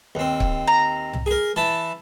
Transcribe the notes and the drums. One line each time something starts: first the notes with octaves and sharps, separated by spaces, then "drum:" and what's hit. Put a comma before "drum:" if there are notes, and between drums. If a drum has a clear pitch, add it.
D#2 C4
drum: kick C#1
A#5
drum: tom C2
G#4 A#4
E3 E4 A5